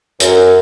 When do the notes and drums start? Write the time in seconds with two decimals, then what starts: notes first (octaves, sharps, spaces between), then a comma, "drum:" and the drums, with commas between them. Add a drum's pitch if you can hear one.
0.20 F#2, drum: hi-hat